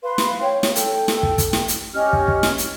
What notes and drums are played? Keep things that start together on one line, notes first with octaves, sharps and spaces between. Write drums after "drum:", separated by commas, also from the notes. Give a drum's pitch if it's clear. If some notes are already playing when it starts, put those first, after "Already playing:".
B4 F5 C6
drum: snare
C#5 G5
drum: snare
A4 G5, drum: hi-hat
drum: snare
drum: kick
drum: kick, hi-hat
drum: snare
drum: hi-hat
C#4 G4 D#5 F6
drum: kick
drum: kick
drum: snare
drum: hi-hat